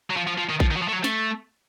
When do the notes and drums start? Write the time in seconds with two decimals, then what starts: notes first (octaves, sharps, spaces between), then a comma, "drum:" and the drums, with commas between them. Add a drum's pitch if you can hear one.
0.10 F#3
0.17 F3
0.28 F3
0.38 F3
0.49 D#3
0.60 F3, drum: kick A#1
0.71 D#3
0.77 F#3
0.82 F3
0.88 A3
0.93 F#3
1.04 A3, drum: snare